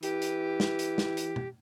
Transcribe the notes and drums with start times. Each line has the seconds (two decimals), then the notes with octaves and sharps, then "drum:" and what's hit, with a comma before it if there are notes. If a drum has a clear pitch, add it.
0.03 E3 G4, drum: hi-hat
0.22 drum: hi-hat
0.60 drum: snare
0.79 drum: hi-hat
0.98 drum: snare
1.17 drum: hi-hat
1.36 drum: tom B2